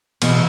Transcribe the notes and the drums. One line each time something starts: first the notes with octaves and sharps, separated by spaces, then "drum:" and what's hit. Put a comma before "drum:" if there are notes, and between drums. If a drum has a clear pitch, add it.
B2 E3, drum: cymbal